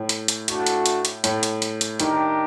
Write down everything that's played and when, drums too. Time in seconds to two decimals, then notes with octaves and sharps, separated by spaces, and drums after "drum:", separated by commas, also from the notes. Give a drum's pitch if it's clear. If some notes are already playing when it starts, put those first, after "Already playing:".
Already playing: A2
0.09 drum: hi-hat
0.28 drum: hi-hat
0.48 A3 D4 F#4, drum: hi-hat
0.67 drum: hi-hat
0.86 drum: hi-hat
1.05 drum: hi-hat
1.24 A2, drum: hi-hat
1.43 drum: hi-hat
1.62 drum: hi-hat
1.81 drum: hi-hat
2.00 D#3 D4 G4 A#4, drum: hi-hat